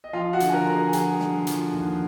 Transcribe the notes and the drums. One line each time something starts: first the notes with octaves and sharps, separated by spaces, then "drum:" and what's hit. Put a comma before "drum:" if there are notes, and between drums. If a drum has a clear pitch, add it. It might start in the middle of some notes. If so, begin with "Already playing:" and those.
D#5
F3 F4 F5
F#4 F#5
D3, drum: hi-hat
G#5
A#4 A#5
D3
G#4 G#5
F3 G#4 G#5, drum: hi-hat
D3, drum: snare
F3, drum: hi-hat
D#2